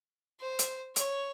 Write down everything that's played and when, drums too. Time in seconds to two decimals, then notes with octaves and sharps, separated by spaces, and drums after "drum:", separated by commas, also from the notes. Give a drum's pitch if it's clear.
0.40 C5
0.59 drum: hi-hat
0.96 C#5, drum: hi-hat